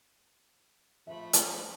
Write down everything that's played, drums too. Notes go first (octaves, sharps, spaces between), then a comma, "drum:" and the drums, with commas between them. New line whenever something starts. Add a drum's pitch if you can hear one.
F3 A3 E5 B5
drum: hi-hat